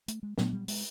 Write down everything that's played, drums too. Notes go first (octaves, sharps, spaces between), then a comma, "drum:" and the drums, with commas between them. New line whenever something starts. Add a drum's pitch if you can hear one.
A3, drum: hi-hat
G#3
A#2 F#3 A3 B3, drum: snare
G3
G#3, drum: open hi-hat